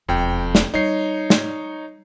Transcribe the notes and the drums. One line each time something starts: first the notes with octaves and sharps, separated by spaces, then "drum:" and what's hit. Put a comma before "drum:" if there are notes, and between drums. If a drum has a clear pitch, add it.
E1 F2 G5
drum: snare
G3 D#4 C#5 C7
drum: snare